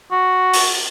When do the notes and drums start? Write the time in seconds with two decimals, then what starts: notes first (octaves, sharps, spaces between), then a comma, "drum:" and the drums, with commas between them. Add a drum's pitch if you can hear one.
0.12 F#4
0.53 drum: open hi-hat